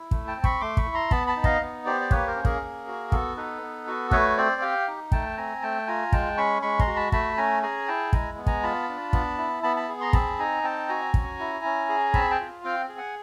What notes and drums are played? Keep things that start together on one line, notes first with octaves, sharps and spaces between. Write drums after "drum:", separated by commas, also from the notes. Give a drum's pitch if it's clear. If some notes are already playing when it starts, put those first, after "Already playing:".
Already playing: E4
A3, drum: kick
G5 A5
C4
B5 C#6, drum: kick
A3 C6 D6
B5 C#6, drum: kick
E4
A#5 C6
B3 A5 B5, drum: kick
A5 B5
D#4
D#5 F5, drum: kick
B3
G4 C5 D5
D5
A#3 B4 C#5, drum: kick
A#4 C5
C#4
G#4 A#4, drum: kick
A#3
F#4
B3 A4, drum: kick
D#4 A4 B4
B3
F#4
A3 B4 C#5, drum: kick
C4 C5 D5
G4 F5 G5
D#4
A3 G5 A5, drum: kick
C4 G#5 A#5
A3 G5 A5
F4 G#5 A#5
G#3 G5 A5, drum: kick
C#4 B5 C#6
G#3 B5 C#6
A#5 C6, drum: kick
F#4
A5 B5
A3 A5 B5, drum: kick
C#4 G#5 A#5
G#4 G#5 A#5
E4 G5 A5
G#3 G#5 A#5, drum: kick
B3
G#5 A#5, drum: kick
F4 A5 B5
D4
B3, drum: kick
E4
B3 A5 B5
A5 B5
G#4
A#5 C6
C4 A5 B5, drum: kick
D#4 G#5 A#5
C4 G5 A5
F#4 G#5 A#5
C#4, drum: kick
E4
C#4
G#4
C4 A5 B5, drum: kick
G5 A5
F4
C4 F5 G5
G#4
F#5 G#5